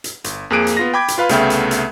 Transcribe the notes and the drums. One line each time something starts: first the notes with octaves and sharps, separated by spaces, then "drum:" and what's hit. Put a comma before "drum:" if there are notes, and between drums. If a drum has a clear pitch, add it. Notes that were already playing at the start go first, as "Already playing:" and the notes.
drum: hi-hat
G1, drum: hi-hat
F2 A#3 G#4 F#6 D7 D#7
drum: hi-hat
B3 F4 A#6
G5 B5 D6 G#6
drum: hi-hat
F4 B4 F5 B5 F6
C2 C#3 A3 B3 E5 G5, drum: hi-hat
drum: hi-hat
drum: hi-hat